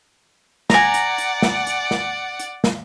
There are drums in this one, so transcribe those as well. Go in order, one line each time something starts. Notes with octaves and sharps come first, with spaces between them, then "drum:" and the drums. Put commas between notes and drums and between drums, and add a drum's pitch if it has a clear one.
D5 F#5 G#5 A#5, drum: snare
drum: hi-hat
drum: hi-hat
drum: snare
drum: hi-hat
drum: snare
drum: hi-hat
drum: snare